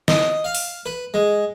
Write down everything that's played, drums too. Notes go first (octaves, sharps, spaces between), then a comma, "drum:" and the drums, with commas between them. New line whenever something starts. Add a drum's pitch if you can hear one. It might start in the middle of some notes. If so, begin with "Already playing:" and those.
D#5, drum: snare
F5
drum: open hi-hat
B4
G#3